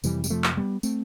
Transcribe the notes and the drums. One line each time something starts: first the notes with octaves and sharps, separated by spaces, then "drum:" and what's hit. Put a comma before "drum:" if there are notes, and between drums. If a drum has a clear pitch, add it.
F2 C3 E3 G3, drum: tambourine
G3, drum: tambourine
F3 A3
drum: clap
G3 B3
A3 C4, drum: tambourine